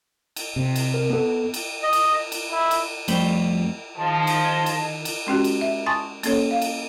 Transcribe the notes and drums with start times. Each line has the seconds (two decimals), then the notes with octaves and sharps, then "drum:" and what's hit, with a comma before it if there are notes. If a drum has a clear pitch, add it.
0.36 drum: cymbal
0.56 C3
0.76 drum: cymbal
0.94 A#4
1.10 B3 A4
1.54 drum: cymbal
1.83 D#5
1.93 drum: cymbal
2.32 drum: cymbal
2.51 E4
2.71 drum: cymbal
3.08 F2 G3 A3 C5 G5 B5, drum: cymbal
3.96 D#3 F3 G#4 D#5 A5
4.27 drum: cymbal
4.66 drum: cymbal
5.05 drum: cymbal
5.27 G#3 C#4 F#4 G4
5.44 drum: cymbal
5.61 E5
5.86 G#5 A5 C6 C#6 D#6 A6
6.23 A#3 C#4 A4 C#5, drum: cymbal
6.51 F5
6.62 drum: cymbal